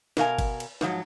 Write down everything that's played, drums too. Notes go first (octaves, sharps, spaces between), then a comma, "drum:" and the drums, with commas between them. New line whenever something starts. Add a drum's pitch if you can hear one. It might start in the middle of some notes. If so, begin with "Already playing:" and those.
B2 A#4 F5 G#5, drum: snare
drum: kick G1, cymbal
drum: cymbal
G#2 F3 F#3, drum: snare